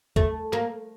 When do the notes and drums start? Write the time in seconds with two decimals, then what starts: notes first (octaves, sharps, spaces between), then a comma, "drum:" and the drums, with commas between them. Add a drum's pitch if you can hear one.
0.16 A3, drum: kick
0.53 A#3, drum: clap